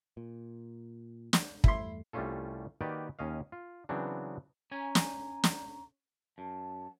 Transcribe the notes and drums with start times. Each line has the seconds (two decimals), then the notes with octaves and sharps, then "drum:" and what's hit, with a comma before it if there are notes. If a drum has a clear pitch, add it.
0.17 A#2
1.33 drum: snare
1.64 E2 G2 A3 E4 C6, drum: kick
2.13 C2 G3 A3 C#4 F4 A4
2.81 D#3 A#3 F#4 G4 B4 D5
3.19 D#2 C#4 D#5 F5
3.52 F4
3.89 C#3 E3 F#3 B3 C4 D4
4.72 C#4 G#5 A#5
4.95 drum: snare
5.44 drum: snare
6.38 F#2 A5